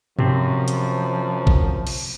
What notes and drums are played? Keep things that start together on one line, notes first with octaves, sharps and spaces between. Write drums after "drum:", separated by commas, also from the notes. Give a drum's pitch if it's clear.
F#2 C3 F3 C4, drum: tom G2
drum: hi-hat
drum: kick G#1
drum: cymbal